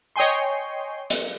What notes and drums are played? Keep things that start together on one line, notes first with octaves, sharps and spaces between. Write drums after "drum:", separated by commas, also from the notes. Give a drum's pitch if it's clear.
C#5 D#5 G5 G#5 C6
drum: hi-hat